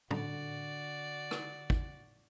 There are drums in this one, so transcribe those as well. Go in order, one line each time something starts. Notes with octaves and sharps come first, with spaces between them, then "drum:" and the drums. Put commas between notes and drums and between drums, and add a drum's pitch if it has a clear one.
D3 F#4 D5, drum: tom
drum: rim click
drum: kick